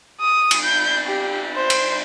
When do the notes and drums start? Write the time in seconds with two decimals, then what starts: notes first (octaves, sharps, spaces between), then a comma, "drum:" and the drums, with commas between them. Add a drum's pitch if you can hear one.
0.21 D#6
0.51 drum: cymbal
0.64 G6
1.06 G4
1.56 C5
1.70 drum: cymbal